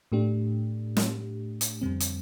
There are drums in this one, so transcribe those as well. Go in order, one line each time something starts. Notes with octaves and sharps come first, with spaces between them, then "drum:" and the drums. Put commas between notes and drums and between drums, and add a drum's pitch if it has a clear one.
A2 A3 D4 G4
drum: snare
drum: hi-hat
F2 D3 G3 C4
drum: hi-hat